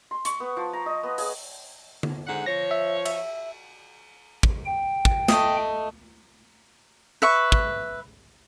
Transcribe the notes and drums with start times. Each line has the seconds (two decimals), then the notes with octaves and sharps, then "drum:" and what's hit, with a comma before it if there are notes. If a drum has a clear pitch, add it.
0.11 C6
0.25 C#6, drum: hi-hat
0.40 B3
0.57 F3
0.73 A#5
0.86 D#5
1.03 B3
1.18 G#4, drum: open hi-hat
2.03 drum: tom D3
2.27 G#2 D3 F#5
2.46 F3 C#5 A#6
2.71 E5
3.05 E5, drum: cymbal
4.43 drum: kick
4.66 G5
5.05 drum: kick
5.28 A3 D#5, drum: snare
7.22 B4 E5 C#6
7.52 drum: kick